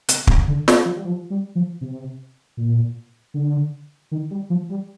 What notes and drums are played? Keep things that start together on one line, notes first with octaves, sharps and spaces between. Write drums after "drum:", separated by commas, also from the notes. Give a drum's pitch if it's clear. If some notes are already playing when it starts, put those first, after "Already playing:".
C3, drum: hi-hat
C3, drum: kick
D3
drum: snare
F3
G3
F3
G3
F3
C3
A#2
D3
D#3
G3
F3
G3